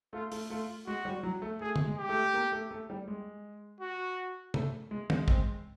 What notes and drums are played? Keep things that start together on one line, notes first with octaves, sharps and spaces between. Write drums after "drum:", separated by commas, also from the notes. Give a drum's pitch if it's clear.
A3 F4
A3, drum: open hi-hat
A3 F4
G#3 F#4
G3
F#3
A3
A3 G#4
drum: tom
G#3
G4
A3
A#3
A3
A3
G3
G#3
F#4
A3, drum: tom
G#3
G#3, drum: tom
C4, drum: kick